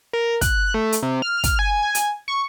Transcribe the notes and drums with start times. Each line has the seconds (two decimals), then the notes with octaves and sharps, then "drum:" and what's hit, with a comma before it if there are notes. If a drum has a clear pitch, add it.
0.13 A#4
0.41 F#6, drum: kick, hi-hat
0.74 A3
0.92 drum: hi-hat
1.03 C3
1.22 F6
1.44 drum: kick, hi-hat
1.59 G#5
1.95 drum: hi-hat
2.28 C#6